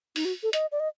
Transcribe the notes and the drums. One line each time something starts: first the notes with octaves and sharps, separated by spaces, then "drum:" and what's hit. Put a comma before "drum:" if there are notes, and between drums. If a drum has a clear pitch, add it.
D#4, drum: open hi-hat
F#4
A4
D#5, drum: hi-hat
D5
D#5